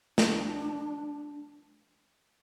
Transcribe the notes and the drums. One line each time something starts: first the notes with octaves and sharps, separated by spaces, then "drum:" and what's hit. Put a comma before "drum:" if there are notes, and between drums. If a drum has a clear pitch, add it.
D4, drum: snare